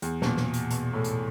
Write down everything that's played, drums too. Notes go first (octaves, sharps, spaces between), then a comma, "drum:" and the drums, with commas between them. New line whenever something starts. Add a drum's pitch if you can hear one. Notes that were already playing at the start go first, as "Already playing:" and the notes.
E2, drum: hi-hat
B2, drum: snare
A#2
drum: snare
drum: hi-hat
B2, drum: hi-hat
A2
drum: hi-hat